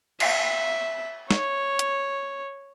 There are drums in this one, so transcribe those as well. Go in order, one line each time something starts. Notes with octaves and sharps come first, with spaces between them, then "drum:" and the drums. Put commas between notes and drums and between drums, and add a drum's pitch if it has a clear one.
E5, drum: cymbal
C#5, drum: snare
drum: hi-hat